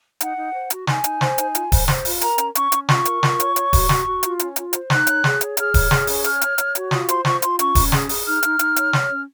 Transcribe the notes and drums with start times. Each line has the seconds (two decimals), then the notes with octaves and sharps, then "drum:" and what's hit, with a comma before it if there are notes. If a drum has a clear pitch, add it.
0.21 D#4 F#5, drum: hi-hat
0.37 D#4
0.54 C5
0.70 F#4, drum: hi-hat
0.87 D#4 G#5, drum: snare
1.04 D#4, drum: hi-hat
1.21 C5, drum: snare
1.38 D#4, drum: hi-hat
1.55 F4, drum: hi-hat
1.72 C5, drum: kick D#1, open hi-hat
1.88 C5, drum: snare
2.05 F4, drum: open hi-hat
2.21 A#4 A#5, drum: hi-hat
2.38 C#4, drum: hi-hat
2.55 C#4 C#6, drum: hi-hat
2.72 C#4, drum: hi-hat
2.89 F4 C#6, drum: snare
3.05 A#4, drum: hi-hat
3.23 F4, drum: snare
3.40 C#5, drum: hi-hat
3.56 C#5, drum: hi-hat
3.73 F#4, drum: kick D#1, open hi-hat
3.89 F#4, drum: snare
4.06 F#4
4.23 F4, drum: hi-hat
4.39 C#4, drum: hi-hat
4.56 F4, drum: hi-hat
4.73 C5, drum: hi-hat
4.90 D#4 F#6, drum: snare
5.07 C#5, drum: hi-hat
5.24 G#4, drum: snare
5.41 C#5, drum: hi-hat
5.57 G#4 F6, drum: hi-hat
5.74 C#5, drum: kick D#1, open hi-hat
5.91 G#4, drum: snare
6.07 C#4, drum: open hi-hat
6.24 C#5 F6, drum: hi-hat
6.41 C#5, drum: hi-hat
6.58 C#5, drum: hi-hat
6.75 F#4, drum: hi-hat
6.91 F4 D#6, drum: snare
7.09 C5 C6, drum: hi-hat
7.25 F4 C#6, drum: snare
7.42 F4 C6, drum: hi-hat
7.59 C#4 C#6, drum: hi-hat
7.75 C#4, drum: kick D#1, open hi-hat
7.92 G#4 D#6, drum: snare
8.09 G#4, drum: open hi-hat
8.25 D#4 F6
8.43 D#4, drum: hi-hat
8.59 D#4, drum: hi-hat
8.76 C#5, drum: hi-hat
8.93 C#5, drum: snare
9.09 C#4